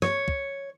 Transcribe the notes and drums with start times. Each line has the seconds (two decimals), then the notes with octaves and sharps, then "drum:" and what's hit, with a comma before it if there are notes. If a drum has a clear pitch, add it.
0.02 C#5, drum: rim click
0.28 drum: kick